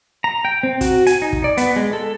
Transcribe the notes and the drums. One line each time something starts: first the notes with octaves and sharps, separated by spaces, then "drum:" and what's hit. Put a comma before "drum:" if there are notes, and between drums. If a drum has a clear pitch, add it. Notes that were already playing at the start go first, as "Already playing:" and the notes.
A#5
G5
C4
F#4, drum: kick, hi-hat
G#5, drum: hi-hat
D#4
drum: kick
D5
B3, drum: hi-hat
G#3
A4